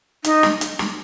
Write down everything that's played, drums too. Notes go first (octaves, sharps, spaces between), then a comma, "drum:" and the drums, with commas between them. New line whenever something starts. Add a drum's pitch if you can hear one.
D#4, drum: hi-hat
drum: snare
drum: hi-hat
drum: snare